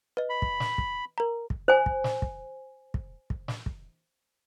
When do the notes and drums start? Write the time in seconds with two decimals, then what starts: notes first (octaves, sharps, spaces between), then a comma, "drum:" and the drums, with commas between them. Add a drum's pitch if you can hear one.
0.17 B4 D#5
0.30 B5
0.42 drum: kick
0.60 drum: snare
0.78 drum: kick
1.18 A#4 A#5
1.50 drum: kick
1.68 C5 G#5
1.86 drum: kick
2.04 drum: snare
2.22 drum: kick
2.94 drum: kick
3.30 drum: kick
3.48 drum: snare
3.66 drum: kick